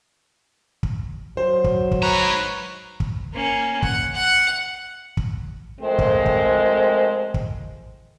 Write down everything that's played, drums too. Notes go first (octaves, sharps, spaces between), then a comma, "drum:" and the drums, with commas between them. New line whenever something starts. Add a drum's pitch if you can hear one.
drum: kick
F#3 C5
drum: kick
drum: kick
G#2 B4 C#5 A#5
drum: kick
A#3 C#4
F#5, drum: kick
F#5
drum: kick
F2 G#3 A3 C4 A#4 C5
drum: kick
drum: kick
drum: kick